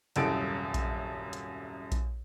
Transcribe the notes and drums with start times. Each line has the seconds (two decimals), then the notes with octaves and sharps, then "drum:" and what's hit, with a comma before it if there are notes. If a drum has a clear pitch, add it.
0.16 D#1 C2 F#2 A4 F#5 D7, drum: hi-hat
0.74 drum: kick A#1, hi-hat
1.33 drum: hi-hat
1.92 drum: kick A#1, hi-hat